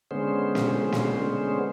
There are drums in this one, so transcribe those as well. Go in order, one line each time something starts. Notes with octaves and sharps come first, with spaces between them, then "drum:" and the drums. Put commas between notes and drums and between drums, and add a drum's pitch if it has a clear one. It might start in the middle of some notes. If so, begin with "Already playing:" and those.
D3 G#3 B3 C#4 C5
drum: snare
drum: snare